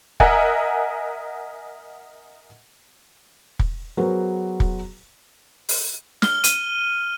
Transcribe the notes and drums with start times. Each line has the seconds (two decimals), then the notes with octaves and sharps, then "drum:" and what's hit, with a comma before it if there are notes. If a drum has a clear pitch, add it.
0.20 A#4 D#5 E5 F#5 G#5 A#5, drum: kick
3.59 drum: kick
3.97 F#3 B3 F#4 G#4 A#4 C5
4.60 drum: kick
5.69 drum: open hi-hat
6.22 F6 G7, drum: snare
6.44 D#7, drum: hi-hat